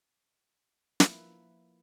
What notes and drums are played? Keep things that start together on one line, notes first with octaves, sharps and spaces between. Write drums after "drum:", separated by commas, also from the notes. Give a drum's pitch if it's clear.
F3 A#3 E4 B4, drum: snare